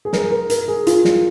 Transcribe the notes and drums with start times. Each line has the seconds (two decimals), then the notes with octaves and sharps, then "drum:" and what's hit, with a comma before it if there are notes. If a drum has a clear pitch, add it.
0.05 G#4
0.13 A#4, drum: snare
0.30 A#4
0.50 A#4, drum: hi-hat
0.68 G#4
0.87 F4, drum: hi-hat
1.05 drum: snare